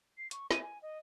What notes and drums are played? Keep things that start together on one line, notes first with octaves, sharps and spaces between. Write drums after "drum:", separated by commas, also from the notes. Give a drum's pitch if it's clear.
C7
C#6, drum: hi-hat
D#7, drum: snare
G#5
D#5